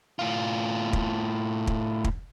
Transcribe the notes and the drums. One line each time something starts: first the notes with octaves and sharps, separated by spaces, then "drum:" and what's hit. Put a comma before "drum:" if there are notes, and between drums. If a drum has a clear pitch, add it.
A2 F4
drum: kick
drum: kick
drum: kick